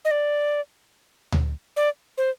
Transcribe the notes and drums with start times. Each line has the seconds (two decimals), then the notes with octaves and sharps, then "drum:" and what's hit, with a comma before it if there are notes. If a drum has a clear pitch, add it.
0.05 D#5
0.11 D5
1.32 drum: tom D2
1.76 D5
2.18 C5